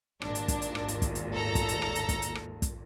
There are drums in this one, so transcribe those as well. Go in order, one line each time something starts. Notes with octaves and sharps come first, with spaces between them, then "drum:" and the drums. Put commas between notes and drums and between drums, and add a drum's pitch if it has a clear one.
G#1 D#2 A#2 D4, drum: rim click
drum: hi-hat
drum: kick, hi-hat
drum: hi-hat
drum: rim click
drum: hi-hat
drum: kick, hi-hat
drum: hi-hat
A4 A#5
drum: kick, hi-hat
drum: hi-hat
drum: rim click
drum: hi-hat
drum: kick, hi-hat
drum: hi-hat
drum: rim click
drum: kick, hi-hat